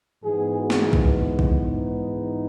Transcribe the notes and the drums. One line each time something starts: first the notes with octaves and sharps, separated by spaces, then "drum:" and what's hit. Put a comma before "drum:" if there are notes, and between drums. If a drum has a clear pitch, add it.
G#2 E3 G#3 B3 G#4
F#4
drum: snare
drum: kick A#1
drum: kick A#1
D#4